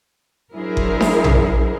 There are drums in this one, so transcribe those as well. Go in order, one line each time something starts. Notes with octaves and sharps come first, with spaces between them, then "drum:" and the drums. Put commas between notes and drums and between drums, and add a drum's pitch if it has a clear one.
F#3 D4 E4 G#4 A#4 C5
drum: kick F#1
drum: snare D4
drum: tom A#1